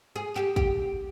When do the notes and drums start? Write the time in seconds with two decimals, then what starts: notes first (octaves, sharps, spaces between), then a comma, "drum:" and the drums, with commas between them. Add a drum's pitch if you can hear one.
0.16 G#4
0.36 G4, drum: clap
0.56 G4, drum: kick